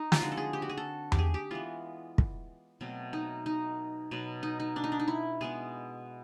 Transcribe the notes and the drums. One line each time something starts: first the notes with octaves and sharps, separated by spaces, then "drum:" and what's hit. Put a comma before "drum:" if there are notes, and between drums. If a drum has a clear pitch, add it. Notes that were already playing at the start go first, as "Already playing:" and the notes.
Already playing: D#4
F4, drum: snare
D3 F3 G#3 C4 F#4
A4
G#4
G4
F#4
G#4
A4
G4, drum: tom E2
G#4
G4
E3 G#3 B3 F4
drum: kick
B2 F#3 A3 C4
D#4
D#4
B2 F#3 B3
D#4
D#4
D4
D#4
D4
D#4
E4
B2 G#3 B3 G#4